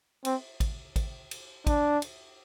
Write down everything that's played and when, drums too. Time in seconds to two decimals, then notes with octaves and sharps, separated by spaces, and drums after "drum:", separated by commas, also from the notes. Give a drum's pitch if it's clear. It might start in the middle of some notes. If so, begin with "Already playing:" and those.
0.25 C4, drum: cymbal
0.60 drum: kick, cymbal
0.96 drum: kick, cymbal
1.31 drum: cymbal
1.67 D4, drum: kick, cymbal
2.02 drum: cymbal